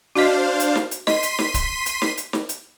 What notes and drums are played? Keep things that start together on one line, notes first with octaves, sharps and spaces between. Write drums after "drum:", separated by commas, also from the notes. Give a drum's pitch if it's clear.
D4 F#4 C5 D#5 F5
drum: hi-hat
drum: snare
drum: hi-hat
D#5 C6 B6 D#7, drum: snare
drum: hi-hat
drum: snare
drum: kick C#1, hi-hat
drum: hi-hat
drum: snare
drum: hi-hat
drum: snare
drum: hi-hat